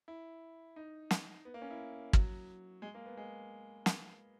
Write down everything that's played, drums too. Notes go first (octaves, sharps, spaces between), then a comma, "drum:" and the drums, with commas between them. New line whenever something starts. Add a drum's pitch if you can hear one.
E4
D#4
drum: snare
B3
A#3
C#4
E4
F#3, drum: kick
G#3
A#3
B3
G#3
drum: snare